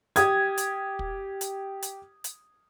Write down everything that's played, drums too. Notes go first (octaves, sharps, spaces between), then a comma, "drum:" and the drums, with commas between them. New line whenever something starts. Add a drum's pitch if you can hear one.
G4 D#6 G#6, drum: hi-hat
drum: hi-hat
drum: kick
drum: hi-hat
drum: hi-hat
drum: hi-hat